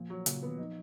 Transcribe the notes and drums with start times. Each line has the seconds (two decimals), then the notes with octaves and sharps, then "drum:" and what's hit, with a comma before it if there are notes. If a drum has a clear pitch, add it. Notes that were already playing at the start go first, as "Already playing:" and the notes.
Already playing: A#2 F3
0.10 F#3
0.26 A#2 C#3, drum: hi-hat
0.43 B3
0.48 D#3
0.58 F3 D#4